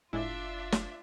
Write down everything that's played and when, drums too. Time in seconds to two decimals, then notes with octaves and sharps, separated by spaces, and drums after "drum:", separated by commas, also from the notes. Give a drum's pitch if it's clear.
0.13 F#1 A2 G#3 D4 E4 F4 E5
0.72 drum: snare